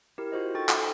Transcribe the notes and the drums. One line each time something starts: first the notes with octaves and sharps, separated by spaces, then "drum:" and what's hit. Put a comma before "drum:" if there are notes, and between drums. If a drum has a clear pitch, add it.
E4 G4 A#4
F4 F#4 C5 D#5
D#4 A4 G5 C#6 A6
G#5 C6, drum: clap